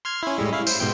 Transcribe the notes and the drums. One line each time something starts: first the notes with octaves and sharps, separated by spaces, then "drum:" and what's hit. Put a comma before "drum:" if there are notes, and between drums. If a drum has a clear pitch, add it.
C6 F6 G#6
C#4 E4
A2 G3 G#3
E4 F5
C5, drum: tambourine
G#2 B2 G5